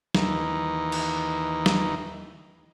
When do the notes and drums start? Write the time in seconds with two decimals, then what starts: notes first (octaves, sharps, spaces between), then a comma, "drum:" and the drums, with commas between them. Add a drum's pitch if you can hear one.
0.15 D#2 E3 D#4, drum: snare
0.92 drum: cymbal
1.66 drum: snare